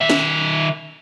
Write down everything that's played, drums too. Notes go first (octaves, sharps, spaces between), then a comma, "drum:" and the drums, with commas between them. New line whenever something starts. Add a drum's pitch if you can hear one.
D#3 E5
drum: snare